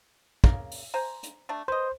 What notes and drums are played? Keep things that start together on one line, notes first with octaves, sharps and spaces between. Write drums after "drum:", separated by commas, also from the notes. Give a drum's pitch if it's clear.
C#3 A#3, drum: kick
drum: open hi-hat
C5 G#5 A#5
drum: hi-hat
A3 D4
B4 C5 D#5